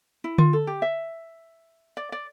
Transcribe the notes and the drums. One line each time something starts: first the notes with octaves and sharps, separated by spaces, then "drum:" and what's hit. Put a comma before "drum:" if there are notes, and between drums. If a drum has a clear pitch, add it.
E4
F4, drum: tom D3
A4
G4
E5
D5
D5